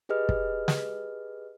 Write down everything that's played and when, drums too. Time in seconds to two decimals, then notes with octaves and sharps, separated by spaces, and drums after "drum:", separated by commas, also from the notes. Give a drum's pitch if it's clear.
0.09 G4 G#4 B4 D#5 F6
0.29 drum: kick
0.68 drum: snare